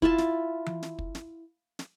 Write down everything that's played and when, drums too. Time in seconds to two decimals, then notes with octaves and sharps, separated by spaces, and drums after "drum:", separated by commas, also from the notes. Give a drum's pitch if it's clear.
0.02 E4 F4 E5 A5, drum: kick
0.18 drum: snare
0.66 drum: tom E3
0.83 drum: snare
0.99 drum: kick
1.15 drum: snare
1.79 drum: snare